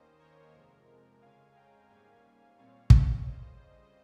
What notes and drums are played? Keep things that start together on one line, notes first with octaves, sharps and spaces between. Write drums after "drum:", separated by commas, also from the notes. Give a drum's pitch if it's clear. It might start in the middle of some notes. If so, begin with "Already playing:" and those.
Already playing: D#2 D#3 A#3 C#4 C5 D#5
A#4 C#5
F2 C3 F3 G#3 A#4
F2 C#3 G#3 C#4 F5 G#5
G5 A#5
G#2 G3 A#3 C#4 F5 G#5
A#2 G3 C4 C#5 F5
drum: kick
F2 C#3 G3 C5 D#5